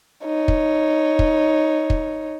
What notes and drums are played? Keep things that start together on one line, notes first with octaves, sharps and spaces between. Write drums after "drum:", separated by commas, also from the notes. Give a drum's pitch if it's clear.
D#4 C#5
drum: kick
drum: kick
drum: kick